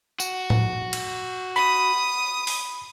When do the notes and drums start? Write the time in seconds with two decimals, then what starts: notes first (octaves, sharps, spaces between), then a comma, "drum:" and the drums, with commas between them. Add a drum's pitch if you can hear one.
0.20 F#4, drum: tambourine
0.50 drum: tom A2
0.93 drum: cymbal
1.56 B5 D#6
2.47 drum: open hi-hat